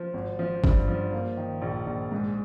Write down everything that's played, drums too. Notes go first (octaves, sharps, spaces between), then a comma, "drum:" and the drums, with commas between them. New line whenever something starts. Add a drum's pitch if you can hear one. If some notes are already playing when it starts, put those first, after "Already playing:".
Already playing: F3
G#1
F3
G2, drum: kick G1
F3
A#3
D#3
A#1
A#1
G#2